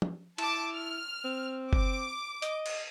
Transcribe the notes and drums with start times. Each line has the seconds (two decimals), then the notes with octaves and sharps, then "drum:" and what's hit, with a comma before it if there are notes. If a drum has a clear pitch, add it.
0.02 drum: tom
0.38 E4 A5 D6, drum: cymbal
0.74 F6
1.25 C4
1.73 D6, drum: kick F#1
2.42 D#5, drum: hi-hat
2.66 drum: cymbal